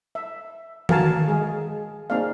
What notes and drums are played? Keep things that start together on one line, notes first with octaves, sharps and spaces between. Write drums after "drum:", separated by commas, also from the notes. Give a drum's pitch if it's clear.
E5
F#4 A4 A#4 F5 G#5 A5, drum: tom D#3
G#3 G#4
A#3 C4 D#4 G#4 D5 F5